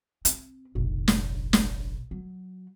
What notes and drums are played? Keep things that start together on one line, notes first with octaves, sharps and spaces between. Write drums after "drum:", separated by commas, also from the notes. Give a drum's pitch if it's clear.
C4, drum: hi-hat
F1 A#1
drum: snare
drum: snare
F#3